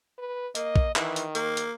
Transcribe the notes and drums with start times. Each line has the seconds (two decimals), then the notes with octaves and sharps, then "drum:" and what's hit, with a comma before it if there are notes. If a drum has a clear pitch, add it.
0.18 B4
0.55 A#3 D#5, drum: hi-hat
0.76 drum: kick A#1
0.96 D#3 E3, drum: clap
1.16 drum: hi-hat
1.35 A#3, drum: hi-hat
1.57 drum: hi-hat